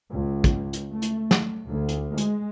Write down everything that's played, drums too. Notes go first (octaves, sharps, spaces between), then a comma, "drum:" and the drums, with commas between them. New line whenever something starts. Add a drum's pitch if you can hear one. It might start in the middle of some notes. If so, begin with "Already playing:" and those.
C#2
drum: kick, hi-hat
drum: hi-hat
A3
drum: hi-hat
drum: snare
D2
drum: hi-hat
G#3, drum: hi-hat